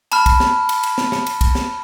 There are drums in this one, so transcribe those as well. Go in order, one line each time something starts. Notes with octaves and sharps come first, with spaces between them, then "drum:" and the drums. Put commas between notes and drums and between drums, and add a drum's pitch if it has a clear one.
A5 B5 F6, drum: cymbal
drum: kick, cymbal
drum: snare
drum: cymbal
drum: cymbal
drum: snare
drum: snare
drum: cymbal
drum: kick, cymbal
drum: snare